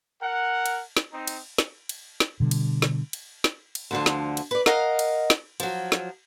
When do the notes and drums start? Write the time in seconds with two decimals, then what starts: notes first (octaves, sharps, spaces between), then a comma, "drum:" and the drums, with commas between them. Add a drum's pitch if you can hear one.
0.21 A#4 F#5
0.66 drum: cymbal
0.97 drum: snare
1.12 C4 D#4
1.27 drum: cymbal
1.58 drum: snare
1.89 drum: cymbal
2.20 drum: snare
2.40 B2 D3 G3
2.51 drum: cymbal
2.82 drum: snare
3.13 drum: cymbal
3.44 drum: snare
3.75 drum: cymbal
3.91 D2 D3 F3
4.06 drum: snare
4.37 drum: cymbal
4.51 B4 D5
4.66 A#4 D#5 F5 F#5 A#5, drum: snare
4.99 drum: cymbal
5.30 drum: snare
5.60 F3 F#3, drum: cymbal
5.92 drum: snare